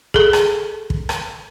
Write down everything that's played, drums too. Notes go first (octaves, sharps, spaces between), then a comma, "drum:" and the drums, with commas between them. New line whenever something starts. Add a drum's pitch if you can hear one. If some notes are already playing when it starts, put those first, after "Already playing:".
G#4 A4, drum: kick
drum: rim click
drum: kick
drum: rim click